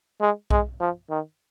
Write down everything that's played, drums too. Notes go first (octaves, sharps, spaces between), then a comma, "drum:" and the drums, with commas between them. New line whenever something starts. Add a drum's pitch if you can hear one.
G#3
G#3, drum: kick B1
F3
D#3